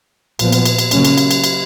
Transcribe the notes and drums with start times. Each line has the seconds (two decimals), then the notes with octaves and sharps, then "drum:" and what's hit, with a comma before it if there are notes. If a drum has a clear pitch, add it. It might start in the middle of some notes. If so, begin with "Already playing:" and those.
0.39 A#2 F3 B3, drum: cymbal
0.52 drum: cymbal
0.65 drum: cymbal
0.79 drum: cymbal
0.91 C#3 F#3 A#3 C#4, drum: cymbal
1.05 drum: cymbal
1.18 drum: cymbal
1.31 drum: cymbal
1.44 drum: cymbal